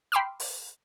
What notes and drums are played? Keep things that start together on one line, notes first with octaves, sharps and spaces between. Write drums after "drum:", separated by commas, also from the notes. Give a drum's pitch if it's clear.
G5 B5 C6 D6 E6 F6
drum: open hi-hat